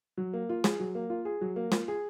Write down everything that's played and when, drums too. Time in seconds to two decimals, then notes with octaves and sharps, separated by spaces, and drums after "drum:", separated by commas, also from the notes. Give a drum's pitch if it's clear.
0.17 F#3
0.33 A#3
0.49 F4
0.64 G#4, drum: snare
0.80 F#3
0.95 A#3
1.10 F4
1.25 G#4
1.41 F#3
1.56 A#3
1.72 F4, drum: snare
1.88 G#4